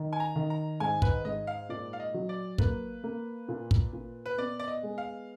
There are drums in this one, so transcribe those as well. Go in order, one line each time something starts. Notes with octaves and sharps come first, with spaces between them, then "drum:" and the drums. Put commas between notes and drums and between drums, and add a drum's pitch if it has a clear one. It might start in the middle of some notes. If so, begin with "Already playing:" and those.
Already playing: D#3
G#5
A#5
D#3
A#5
G#2 G#5
B4, drum: kick
G#2 D#5
F5
A#2 D5
F5
D#5
F#3
D5
A#3 B4, drum: kick
A#3
A#2
drum: kick
A#2
B4
B3 D5
D5
D#5
G#3
F5